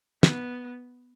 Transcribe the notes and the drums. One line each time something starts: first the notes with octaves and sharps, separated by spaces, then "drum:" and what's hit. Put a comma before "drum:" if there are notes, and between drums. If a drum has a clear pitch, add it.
B3, drum: snare